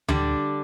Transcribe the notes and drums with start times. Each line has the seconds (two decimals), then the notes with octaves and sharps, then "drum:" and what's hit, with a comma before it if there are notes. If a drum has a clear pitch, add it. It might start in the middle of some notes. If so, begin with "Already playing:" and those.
0.08 D3 G3 D4, drum: tom D2